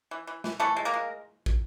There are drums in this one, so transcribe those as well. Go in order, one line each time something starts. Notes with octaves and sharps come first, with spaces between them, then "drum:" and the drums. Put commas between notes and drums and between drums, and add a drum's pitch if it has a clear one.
E3
E3
E3, drum: snare
E3 A3 A4
G#3
A#3 A#4
G#3
drum: kick